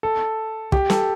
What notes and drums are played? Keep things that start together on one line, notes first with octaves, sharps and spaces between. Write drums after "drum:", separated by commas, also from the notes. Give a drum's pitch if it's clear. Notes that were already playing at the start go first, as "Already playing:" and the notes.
A4
G4, drum: kick
A4, drum: snare